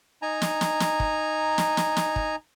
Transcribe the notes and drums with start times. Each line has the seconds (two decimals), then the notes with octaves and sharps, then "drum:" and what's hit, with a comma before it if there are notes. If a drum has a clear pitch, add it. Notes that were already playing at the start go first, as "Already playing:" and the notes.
0.22 D#4 G#5 A#5
0.42 drum: snare
0.61 drum: snare
0.80 drum: snare
1.00 drum: kick
1.58 drum: snare
1.77 drum: snare
1.97 drum: snare
2.16 drum: kick